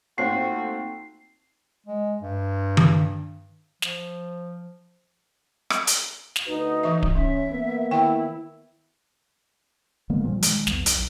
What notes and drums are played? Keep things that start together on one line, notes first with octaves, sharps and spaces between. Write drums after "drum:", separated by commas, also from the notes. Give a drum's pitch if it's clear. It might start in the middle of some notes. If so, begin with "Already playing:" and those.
A3 A#3 C4 D#4 F4 F#4 G5 C7
G#3
G2
drum: tom D#3
F3, drum: snare
drum: rim click
drum: hi-hat
drum: snare
D2 D#4 F#4 B4
E3 E5
drum: kick D1
C#4 D#4 E5
A#3 B3
D#3 E4 G5
D3 G#3 A#3 B3
A#2 F3 G3
D#3 G#3, drum: hi-hat
B1 E2, drum: snare
B1, drum: hi-hat